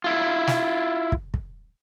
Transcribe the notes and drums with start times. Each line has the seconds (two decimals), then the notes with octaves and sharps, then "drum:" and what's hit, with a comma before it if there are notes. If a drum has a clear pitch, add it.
0.04 E4 F4
0.47 drum: snare
1.12 drum: kick
1.34 drum: kick